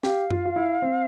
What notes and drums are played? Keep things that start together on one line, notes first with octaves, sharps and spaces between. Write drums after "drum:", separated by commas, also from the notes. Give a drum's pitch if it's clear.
G4 F5, drum: snare
F4, drum: tom F#2
F4
E4
C4